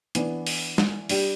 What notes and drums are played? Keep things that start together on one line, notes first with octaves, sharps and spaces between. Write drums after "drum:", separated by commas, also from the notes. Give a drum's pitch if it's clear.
E3 B3 D4, drum: hi-hat
drum: open hi-hat
drum: snare
G3 D4 G4, drum: open hi-hat